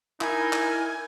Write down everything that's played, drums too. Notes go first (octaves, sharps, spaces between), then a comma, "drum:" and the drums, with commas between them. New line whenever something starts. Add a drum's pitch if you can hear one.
D#4 E4 A#4 G#5, drum: clap
drum: clap